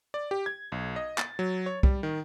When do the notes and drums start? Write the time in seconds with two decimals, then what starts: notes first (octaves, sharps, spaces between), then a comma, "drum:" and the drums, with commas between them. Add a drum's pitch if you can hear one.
0.14 D5
0.31 G4
0.46 G#6
0.72 B1
0.96 D#5
1.18 A6, drum: clap
1.39 F#3
1.66 C#5
1.83 G3, drum: kick C2
2.03 D#3